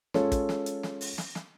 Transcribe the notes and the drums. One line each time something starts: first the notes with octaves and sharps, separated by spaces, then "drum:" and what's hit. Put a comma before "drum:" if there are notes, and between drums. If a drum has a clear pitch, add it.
G#3 C#4 F4 A4 C#5, drum: snare
drum: kick, hi-hat
drum: snare
drum: hi-hat
drum: snare
drum: open hi-hat
drum: snare
drum: snare